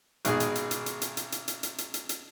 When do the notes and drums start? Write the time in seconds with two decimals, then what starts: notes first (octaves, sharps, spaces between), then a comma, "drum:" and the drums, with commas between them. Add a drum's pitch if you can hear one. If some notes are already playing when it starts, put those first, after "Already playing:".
0.25 G#1 B2 G#4, drum: hi-hat
0.40 drum: hi-hat
0.55 drum: hi-hat
0.71 drum: hi-hat
0.86 drum: hi-hat
1.02 drum: hi-hat
1.17 drum: hi-hat
1.32 drum: hi-hat
1.48 drum: hi-hat
1.63 drum: hi-hat
1.78 drum: hi-hat
1.94 drum: hi-hat
2.09 drum: hi-hat